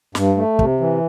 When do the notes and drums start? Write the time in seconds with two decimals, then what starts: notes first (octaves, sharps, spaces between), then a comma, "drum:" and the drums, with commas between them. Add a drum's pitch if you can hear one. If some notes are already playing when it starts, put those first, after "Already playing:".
0.15 G2, drum: snare
0.37 A3
0.59 C3, drum: kick
0.80 E3